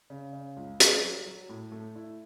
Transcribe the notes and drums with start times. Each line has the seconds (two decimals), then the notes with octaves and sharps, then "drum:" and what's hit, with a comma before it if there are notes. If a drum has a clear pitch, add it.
0.10 C#3
0.33 C#3
0.57 C#2
0.80 F#3, drum: hi-hat
1.03 F#3
1.26 F#3
1.49 A2
1.72 A3
1.95 E4